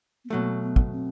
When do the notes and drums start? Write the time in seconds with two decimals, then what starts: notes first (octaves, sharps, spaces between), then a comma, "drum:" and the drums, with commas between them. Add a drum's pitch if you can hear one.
0.25 B3
0.30 B2 F#3 A3 A#3
0.61 B3
0.76 drum: kick
0.92 C4